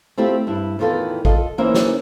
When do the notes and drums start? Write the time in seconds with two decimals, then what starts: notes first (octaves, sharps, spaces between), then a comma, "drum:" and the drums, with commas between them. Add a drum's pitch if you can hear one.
0.18 A3 C4 E4 F4 G4
0.47 G2 E4
0.79 E2 A2 D#3 F4 A4 B4
1.25 F4 A4 D#5, drum: kick
1.58 E3 A#3 C#4 D#4 C5 E5
1.74 drum: snare